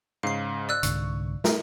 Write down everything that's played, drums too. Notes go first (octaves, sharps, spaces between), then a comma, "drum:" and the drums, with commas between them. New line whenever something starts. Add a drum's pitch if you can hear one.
G#2 C#3 F5 C7
D5 E6 F#6
C2 G#2 D3 C#6, drum: hi-hat
A#4 E5, drum: snare